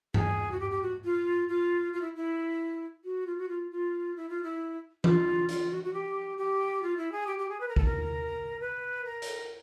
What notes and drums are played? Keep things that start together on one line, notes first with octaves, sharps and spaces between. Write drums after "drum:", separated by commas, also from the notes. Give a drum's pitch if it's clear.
G#4, drum: tom G2
F#4
G4
G4
F#4
F4
F4
F4
E4
E4
F#4
F4
F#4
F4
F4
E4
F4
E4
F4, drum: tom E3
F4, drum: hi-hat
F#4
F#4
G4
G4
F4
E4
G#4
G4
G4
G#4
B4
A#4
A4, drum: kick
A#4
B4
A#4
drum: hi-hat